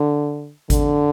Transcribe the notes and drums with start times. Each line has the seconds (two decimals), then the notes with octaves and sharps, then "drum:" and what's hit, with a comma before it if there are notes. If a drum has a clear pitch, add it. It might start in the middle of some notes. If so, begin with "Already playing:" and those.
Already playing: D3
0.70 D3, drum: kick G#1, hi-hat